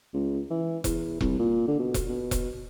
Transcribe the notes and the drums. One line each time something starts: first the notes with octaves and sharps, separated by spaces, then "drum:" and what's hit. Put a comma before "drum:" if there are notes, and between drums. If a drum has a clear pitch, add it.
C#2
E3
E2, drum: kick E1, hi-hat
C2, drum: kick E1
A#2
D3
B2
drum: kick E1, hi-hat
B2
drum: kick E1, hi-hat